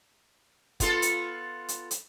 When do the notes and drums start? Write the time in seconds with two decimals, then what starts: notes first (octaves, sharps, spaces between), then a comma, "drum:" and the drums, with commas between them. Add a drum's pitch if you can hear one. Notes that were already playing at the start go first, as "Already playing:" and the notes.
0.80 B3 F4 A4, drum: kick, hi-hat
1.02 drum: hi-hat
1.69 drum: hi-hat
1.91 drum: hi-hat